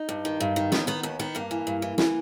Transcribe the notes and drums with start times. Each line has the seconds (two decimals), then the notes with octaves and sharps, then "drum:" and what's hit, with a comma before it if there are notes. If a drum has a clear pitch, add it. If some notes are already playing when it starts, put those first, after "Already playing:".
Already playing: D#4
0.09 G2
0.25 D#3
0.40 G2
0.56 D#3
0.72 D#2 B3, drum: snare
0.87 D#3 B3
1.03 D#2 B3
1.19 D#3 B3
1.35 G2 A#3
1.51 E3
1.67 G2
1.82 E3
1.98 E3, drum: snare